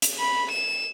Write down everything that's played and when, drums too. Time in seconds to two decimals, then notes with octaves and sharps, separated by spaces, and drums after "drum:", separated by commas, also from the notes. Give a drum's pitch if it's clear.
0.02 drum: hi-hat
0.19 B5
0.51 E7